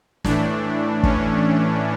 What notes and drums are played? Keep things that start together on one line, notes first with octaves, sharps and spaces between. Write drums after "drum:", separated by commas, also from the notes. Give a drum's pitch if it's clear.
A2 E3 A3 D4, drum: snare
C#4, drum: kick